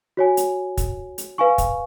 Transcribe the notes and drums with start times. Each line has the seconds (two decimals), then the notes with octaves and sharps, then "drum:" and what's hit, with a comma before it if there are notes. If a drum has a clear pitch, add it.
0.17 F#4 C#5 G#5
0.37 drum: hi-hat
0.77 drum: kick, hi-hat
1.18 drum: hi-hat
1.38 B4 F5 G#5 C#6
1.58 drum: kick, hi-hat